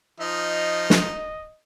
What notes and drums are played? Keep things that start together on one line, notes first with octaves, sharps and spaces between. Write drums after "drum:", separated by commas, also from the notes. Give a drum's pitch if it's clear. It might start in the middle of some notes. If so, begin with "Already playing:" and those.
F3 D#4 D#5
drum: snare